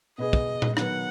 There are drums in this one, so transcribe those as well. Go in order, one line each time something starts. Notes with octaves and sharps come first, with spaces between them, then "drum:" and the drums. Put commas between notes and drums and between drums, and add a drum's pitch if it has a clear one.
B2 B3 G#4 D#5
drum: kick
drum: tom A#2
D#3 F#3 B3 F#5, drum: rim click